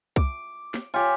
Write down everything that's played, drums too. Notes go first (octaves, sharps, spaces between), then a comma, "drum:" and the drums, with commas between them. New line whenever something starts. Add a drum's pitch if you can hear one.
D6, drum: kick C2
drum: snare
F4 G4 C#5 G#5